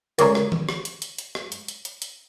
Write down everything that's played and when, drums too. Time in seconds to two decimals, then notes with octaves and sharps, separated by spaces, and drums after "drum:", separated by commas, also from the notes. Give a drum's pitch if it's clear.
0.19 D2 A#2 C#3 G#3 C#5 A#5, drum: hi-hat
0.35 drum: rim click
0.52 drum: tom D#3
0.69 drum: rim click
0.85 drum: hi-hat
1.02 drum: hi-hat
1.18 drum: hi-hat
1.35 drum: rim click
1.52 drum: hi-hat
1.68 drum: hi-hat
1.85 drum: hi-hat
2.02 drum: hi-hat